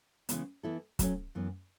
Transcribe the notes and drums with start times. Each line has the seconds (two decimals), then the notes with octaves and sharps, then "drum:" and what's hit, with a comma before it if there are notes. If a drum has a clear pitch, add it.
0.29 C#3 E3 G#3 B3, drum: hi-hat
0.63 E3 B3 E4 A4
0.99 F#3 A3 C#4, drum: kick, hi-hat
1.35 F#2 E3 B3